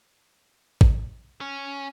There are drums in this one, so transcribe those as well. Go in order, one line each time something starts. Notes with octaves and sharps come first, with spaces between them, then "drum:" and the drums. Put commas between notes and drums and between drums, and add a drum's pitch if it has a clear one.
drum: kick A1
C#4